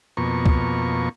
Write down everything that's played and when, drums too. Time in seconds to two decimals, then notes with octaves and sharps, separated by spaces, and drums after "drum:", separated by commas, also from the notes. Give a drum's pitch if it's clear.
0.17 F2 B2 A#3 C#6
0.46 drum: kick C#2